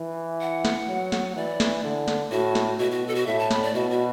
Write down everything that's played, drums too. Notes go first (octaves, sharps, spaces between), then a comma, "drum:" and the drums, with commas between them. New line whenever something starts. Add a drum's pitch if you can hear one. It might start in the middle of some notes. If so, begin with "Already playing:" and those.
Already playing: E3
F#5
drum: snare
F#3
drum: snare
E3 D5
drum: snare
D3
drum: snare
A2 F#4
drum: snare
B2 F#4
F#4
A4
F#4
A2 E5
A5
B5, drum: snare
D5
B2 F#4
F#4